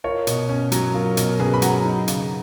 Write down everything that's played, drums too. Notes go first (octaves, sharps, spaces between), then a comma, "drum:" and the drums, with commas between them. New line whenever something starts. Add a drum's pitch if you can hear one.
F4 A#4 C#5
B2, drum: hi-hat
C#4
F#3, drum: hi-hat
F4 A#4
B2 A#4, drum: hi-hat
C#4 G#4 B4, drum: tom
B5
F#3 F#5 A#5, drum: hi-hat
D#4
C#3, drum: hi-hat